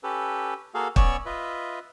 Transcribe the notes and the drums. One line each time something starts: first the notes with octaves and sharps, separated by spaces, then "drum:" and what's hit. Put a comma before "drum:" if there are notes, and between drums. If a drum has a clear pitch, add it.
C#4 G4 A4 B4
A#3 F#4 G#4 A4 F5
B3 C#4 C#5 D5 C#6 E6, drum: kick
F4 B4 D#5 E5